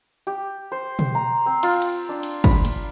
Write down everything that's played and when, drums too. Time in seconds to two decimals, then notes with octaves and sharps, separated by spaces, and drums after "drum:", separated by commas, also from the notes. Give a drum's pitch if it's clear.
0.27 G4
0.72 C5
0.99 drum: tom B2
1.15 A#5
1.46 C4
1.63 F4, drum: cymbal
1.82 drum: cymbal
2.09 D4
2.23 drum: cymbal
2.44 B5, drum: kick, cymbal
2.65 drum: cymbal